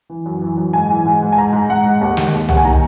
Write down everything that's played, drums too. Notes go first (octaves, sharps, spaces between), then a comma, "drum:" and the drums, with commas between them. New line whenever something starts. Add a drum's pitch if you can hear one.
E3
F#2
E3
F#2
G#2 G#5
E3
G#2
G#2
G#5
G#2 A#5
G#2
G#2 F#5
G#2
D#2
D#3, drum: snare
D#2
D#2 F#5, drum: tom C2
G#5
D#3 A#5